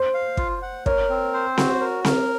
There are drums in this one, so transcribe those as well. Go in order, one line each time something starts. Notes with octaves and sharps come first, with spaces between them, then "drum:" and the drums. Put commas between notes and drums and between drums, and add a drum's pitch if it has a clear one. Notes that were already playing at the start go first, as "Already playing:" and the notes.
Already playing: C5
F5
F4, drum: kick
F#5
A#4 C#5, drum: kick
C4
C5
F#4, drum: snare C4
A#4
A#4, drum: snare C4